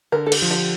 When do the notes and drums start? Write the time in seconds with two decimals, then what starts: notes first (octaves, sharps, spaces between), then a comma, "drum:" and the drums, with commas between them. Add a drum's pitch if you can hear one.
0.12 D3 A#4
0.26 A4
0.32 G4, drum: cymbal
0.42 F3
0.51 G4